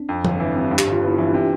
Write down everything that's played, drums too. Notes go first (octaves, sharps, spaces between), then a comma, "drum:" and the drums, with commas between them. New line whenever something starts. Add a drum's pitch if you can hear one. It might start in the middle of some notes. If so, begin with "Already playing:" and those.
Already playing: C4 D4
F2
G1, drum: tom F3
E3
C3
G2
G4, drum: clap
G1
F4
B3 E4
E3 D4
C3 C4